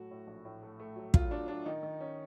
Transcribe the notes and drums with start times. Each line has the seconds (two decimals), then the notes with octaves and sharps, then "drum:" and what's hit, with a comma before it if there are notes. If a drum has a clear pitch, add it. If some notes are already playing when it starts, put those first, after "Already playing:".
Already playing: A2 F#3 A3 F#4
0.11 A2
0.27 A#1
0.45 A2
0.63 A3
0.80 A3
0.96 F#3
1.14 F#3 F4, drum: kick
1.31 F#3 D4
1.48 F#3 D4
1.66 D#3 D#4
1.83 D#3
2.01 C#4